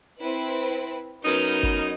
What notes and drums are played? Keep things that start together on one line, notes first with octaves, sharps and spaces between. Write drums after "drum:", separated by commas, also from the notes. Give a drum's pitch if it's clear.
C4 E4 B4
drum: hi-hat
drum: hi-hat
drum: hi-hat
F#2 B3 D#4 F6 G6, drum: open hi-hat
drum: hi-hat
drum: kick G1, hi-hat